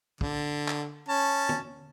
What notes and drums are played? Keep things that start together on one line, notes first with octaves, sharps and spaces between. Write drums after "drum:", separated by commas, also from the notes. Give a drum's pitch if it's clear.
D3, drum: kick
drum: clap
C#4 A5
drum: tom